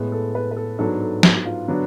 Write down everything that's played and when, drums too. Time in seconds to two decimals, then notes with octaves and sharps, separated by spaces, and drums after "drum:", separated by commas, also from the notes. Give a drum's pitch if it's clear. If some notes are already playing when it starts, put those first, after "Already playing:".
Already playing: A2 G#3 B3
0.12 A4
0.35 B4
0.51 B4
0.57 A4
0.79 G#2 F#3 B3 D4 A4
1.01 A4
1.23 drum: snare
1.46 F4
1.68 D3 F#3 B3 D4